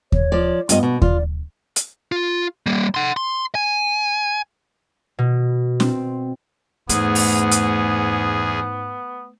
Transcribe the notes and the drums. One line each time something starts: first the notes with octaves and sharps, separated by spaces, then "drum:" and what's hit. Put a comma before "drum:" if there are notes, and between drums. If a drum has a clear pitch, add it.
C#5, drum: kick D#2
F3 D5
G2 B3 F4 D#5, drum: hi-hat
B2
F4 D5, drum: kick D#2
drum: hi-hat
F4
G3 A#3
F#5 C6
C6
G#5
B2
C4, drum: snare
E2 G#2 A3 B3 G#4, drum: hi-hat
drum: open hi-hat
drum: hi-hat